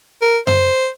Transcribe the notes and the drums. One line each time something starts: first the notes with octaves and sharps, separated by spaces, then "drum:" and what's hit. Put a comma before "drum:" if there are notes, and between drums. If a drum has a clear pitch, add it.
A#4
C5, drum: tom F#2